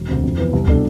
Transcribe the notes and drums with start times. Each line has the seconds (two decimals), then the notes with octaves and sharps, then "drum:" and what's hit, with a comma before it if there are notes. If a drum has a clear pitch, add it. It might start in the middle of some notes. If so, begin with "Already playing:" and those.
Already playing: E1
0.09 D2 C3
0.24 F2
0.38 E3 B3
0.53 C2
0.68 B2 G3 D4 A4, drum: kick